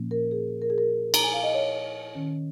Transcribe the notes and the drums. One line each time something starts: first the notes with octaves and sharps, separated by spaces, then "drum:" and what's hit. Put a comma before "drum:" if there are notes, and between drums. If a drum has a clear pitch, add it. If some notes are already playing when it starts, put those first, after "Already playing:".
Already playing: A#2 F3 A#3 C#4
A#4
G#4
A#4
G#4
A#4
A#5, drum: cymbal
G#5
F5
D#5
C#5
D#3 C#4